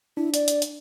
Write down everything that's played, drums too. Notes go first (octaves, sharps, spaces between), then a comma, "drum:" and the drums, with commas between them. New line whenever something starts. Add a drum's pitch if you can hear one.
D4 E4
D5, drum: hi-hat
drum: hi-hat
drum: hi-hat